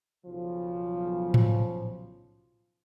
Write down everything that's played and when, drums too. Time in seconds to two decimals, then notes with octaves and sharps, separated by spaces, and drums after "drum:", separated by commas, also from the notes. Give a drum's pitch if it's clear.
0.25 B1 C#3 F3
1.34 drum: tom A2